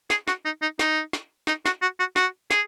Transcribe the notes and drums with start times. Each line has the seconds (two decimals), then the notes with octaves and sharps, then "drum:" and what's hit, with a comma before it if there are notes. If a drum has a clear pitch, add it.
0.10 G#4, drum: snare
0.28 F#4, drum: snare
0.45 D#4
0.62 D#4
0.79 D#4, drum: snare
1.13 drum: snare
1.47 D#4, drum: snare
1.66 F#4, drum: snare
1.82 F#4
1.99 F#4
2.16 F#4, drum: snare
2.51 G#4, drum: snare